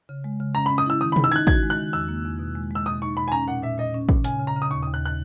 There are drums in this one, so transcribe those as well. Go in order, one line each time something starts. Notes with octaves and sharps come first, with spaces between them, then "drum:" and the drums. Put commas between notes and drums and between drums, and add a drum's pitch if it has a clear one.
C#3
G#3
C#3
C#4 A#5
B5
C#4
D#6
E4 E6
D#3 D#6
B5
D#4, drum: tom B2
E6
D#4 F#6 G#6
F#4 G#6, drum: kick
G#3
F#6
D#3
E2 E6
A#3
E2
B2
G#3
G#3 E6
B2 D#6
D#4 C#6
B2 B5
G#5
C#4 A#5
A#2 F#5
A#2 E5
A#2 D#5
C#4
A#2, drum: kick
C#3 G#5, drum: hi-hat
C#3
A#5
C#3
D#6
D#2 C#6
D#6
D#2
F#6
F#6